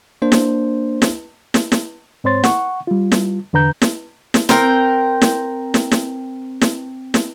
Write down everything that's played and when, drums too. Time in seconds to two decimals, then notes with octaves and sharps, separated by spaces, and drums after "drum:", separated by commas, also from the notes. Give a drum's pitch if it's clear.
0.22 A#3 D4 C5
0.32 drum: snare
1.02 drum: snare
1.54 drum: snare
1.72 drum: snare
2.24 G#2 C4 C5 C#5 C6 A6
2.44 F#5 C#6, drum: snare
2.87 G3 F4
3.12 drum: snare
3.53 E2 D3 B4 A#5 G6
3.82 drum: snare
4.34 drum: snare
4.49 C4 A#4 G5, drum: snare
5.22 drum: snare
5.74 drum: snare
5.91 drum: snare
6.61 drum: snare
7.14 drum: snare